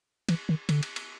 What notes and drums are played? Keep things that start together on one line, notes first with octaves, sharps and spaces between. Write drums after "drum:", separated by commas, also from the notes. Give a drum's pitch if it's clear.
E3, drum: cymbal
D#3
D3, drum: cymbal
drum: cymbal
drum: cymbal